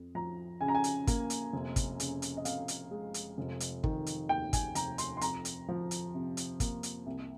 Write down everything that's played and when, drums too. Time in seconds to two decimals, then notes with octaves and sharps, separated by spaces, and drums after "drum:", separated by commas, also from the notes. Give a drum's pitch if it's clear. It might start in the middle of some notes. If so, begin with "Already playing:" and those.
Already playing: F2
0.15 F3 A#5
0.61 C#3 G#5
0.68 A#5
0.75 G#5
0.84 drum: hi-hat
1.07 A#3, drum: kick, hi-hat
1.30 drum: hi-hat
1.53 F1
1.76 drum: kick, hi-hat
2.00 C#3, drum: hi-hat
2.22 drum: hi-hat
2.37 D#5
2.45 F2 F5, drum: hi-hat
2.68 drum: hi-hat
2.91 G#3
3.14 drum: hi-hat
3.38 F1
3.60 drum: hi-hat
3.84 D#3, drum: kick
4.06 drum: hi-hat
4.29 D#2 G5
4.53 G#5, drum: kick, hi-hat
4.75 F1 A#5, drum: hi-hat
4.98 C6, drum: hi-hat
5.17 C6
5.21 F2 A#5, drum: hi-hat
5.45 drum: hi-hat
5.68 F3
5.91 drum: hi-hat
6.15 C3
6.37 drum: hi-hat
6.60 A#3, drum: kick, hi-hat
6.83 drum: hi-hat
7.06 C2